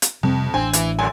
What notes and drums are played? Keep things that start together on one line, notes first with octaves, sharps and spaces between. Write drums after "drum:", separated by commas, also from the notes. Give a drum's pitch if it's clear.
drum: hi-hat
F2 C3 G3
A1 C4 D4 G#5
E3, drum: hi-hat
F#2 D3 G#5